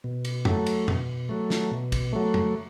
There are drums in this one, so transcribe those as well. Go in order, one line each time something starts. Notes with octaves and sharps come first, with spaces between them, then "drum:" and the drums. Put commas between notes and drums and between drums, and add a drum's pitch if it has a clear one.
B2
drum: cymbal
F#3 A3, drum: tom F2
drum: cymbal
B2, drum: tom F2
F#3 A3
drum: snare
B2
drum: kick, cymbal
F#3 A3
drum: tom F2